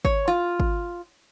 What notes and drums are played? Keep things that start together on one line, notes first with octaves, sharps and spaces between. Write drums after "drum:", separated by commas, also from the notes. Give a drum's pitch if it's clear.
C#5, drum: kick G#1
F4
drum: kick G#1